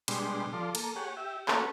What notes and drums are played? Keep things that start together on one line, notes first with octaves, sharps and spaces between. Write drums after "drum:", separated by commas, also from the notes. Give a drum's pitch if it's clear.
B2 G3 G#3 D4 C6, drum: cymbal
F3 A4 D5 C6
A#3 A4, drum: cymbal
G4 G#4 C#5 F#5
G4 E5
A3 A#3 C#4 F#4 A4 B4, drum: clap